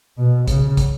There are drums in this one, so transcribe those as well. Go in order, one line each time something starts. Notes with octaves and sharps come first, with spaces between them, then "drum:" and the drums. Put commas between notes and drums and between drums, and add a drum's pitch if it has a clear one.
B2
C#3, drum: kick, hi-hat
drum: kick, hi-hat